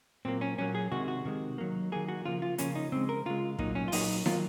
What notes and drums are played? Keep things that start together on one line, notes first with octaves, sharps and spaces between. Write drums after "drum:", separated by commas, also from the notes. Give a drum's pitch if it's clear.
A#2 F#3 A#3 C4
C#4
A#2 F#3 A#3 C#4
G#4
C3 D#3 G#3 F#4
F#4
C3 D#3 G#3
D#3 F#3 A#3
D#3 F#3 A#3 G#4
F#4
C#3 F3 A#3 F4
F4
C#3 F3 A#3 C#4, drum: hi-hat
D#4
C#3 G#3 C4
A#4
C#3 G#3 F4
A#2 F#3 A#3 D#4, drum: kick
C#4
F4
A#2 F#3 A#3 D#4, drum: open hi-hat
D#3 F#3 A#3 F4, drum: snare